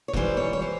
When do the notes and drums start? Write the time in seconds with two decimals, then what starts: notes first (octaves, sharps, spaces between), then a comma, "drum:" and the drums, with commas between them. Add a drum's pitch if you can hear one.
0.08 C#5
0.13 G#2 E3 G3 C5, drum: kick E1
0.37 C#5
0.53 C#5
0.61 E3 G3 C5